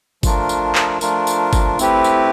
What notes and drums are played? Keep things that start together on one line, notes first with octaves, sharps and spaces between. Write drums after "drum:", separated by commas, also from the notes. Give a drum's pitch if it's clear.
F3 A3 D4 F4 A#4, drum: kick G1, tambourine
drum: tambourine
drum: clap
F3 A3 D4 F4 A#4, drum: tambourine
drum: tambourine
drum: kick G1, tambourine
A3 C4 E4 G4 B4, drum: tambourine
drum: tambourine